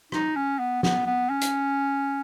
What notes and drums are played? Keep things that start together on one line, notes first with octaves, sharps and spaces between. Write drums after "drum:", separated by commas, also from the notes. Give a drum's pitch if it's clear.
D#4, drum: rim click
C#4
B3
B3, drum: snare
B3
C#4
drum: hi-hat